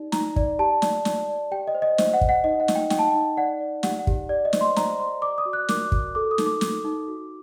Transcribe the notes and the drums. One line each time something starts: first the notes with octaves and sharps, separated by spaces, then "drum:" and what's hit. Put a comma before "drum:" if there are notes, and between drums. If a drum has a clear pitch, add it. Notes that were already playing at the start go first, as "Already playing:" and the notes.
Already playing: D#4 G4 D5
D#4 A#5, drum: snare
D5, drum: kick
G4 A5
D5, drum: snare
D5, drum: snare
D5
G4 G5
D#5
C5
D#5
C5, drum: snare
F#5
C5, drum: kick
F#5
D#4 D#5
F#5
D#4, drum: snare
G5
D#4 G5, drum: snare
A5
G5
D#4
D5 F#5
D5
G4 F#5, drum: snare
F#5
G4, drum: kick
G4 D5
D#5
C5, drum: snare
C6
C5 A#5, drum: snare
C5 C6
D5 D6
D#6
F#4
F#6
A#4 D6, drum: snare
F#4, drum: kick
A4 D6
D#6
D#4, drum: snare
D6
D#4, drum: snare
D#4
F#4